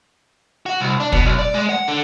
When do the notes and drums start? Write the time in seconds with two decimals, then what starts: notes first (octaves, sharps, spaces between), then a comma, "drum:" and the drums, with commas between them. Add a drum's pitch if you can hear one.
0.66 F#4
0.81 C2
1.00 D4
1.12 B2, drum: kick
1.25 B1
1.39 D5
1.54 G#3
1.69 F#5
1.88 D3